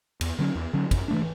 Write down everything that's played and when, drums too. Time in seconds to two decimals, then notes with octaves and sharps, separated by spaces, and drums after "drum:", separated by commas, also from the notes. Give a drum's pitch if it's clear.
0.21 E2, drum: cymbal
0.39 D3 F#3 C#4
0.55 E2
0.73 D3 F#3 C#4
0.91 F#2, drum: kick, cymbal
1.08 E3 A3 D4